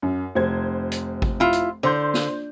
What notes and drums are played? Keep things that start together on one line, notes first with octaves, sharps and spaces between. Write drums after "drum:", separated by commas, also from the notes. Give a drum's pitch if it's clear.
F#2
F1 C5 G#6
drum: hi-hat
drum: kick G#1
E4 F4
drum: hi-hat
D3 C5 C6 G6
drum: snare